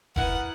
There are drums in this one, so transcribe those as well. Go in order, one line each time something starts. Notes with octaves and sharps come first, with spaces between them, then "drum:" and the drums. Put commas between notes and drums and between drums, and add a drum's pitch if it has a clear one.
B3 E4 A#4 F#5, drum: kick F1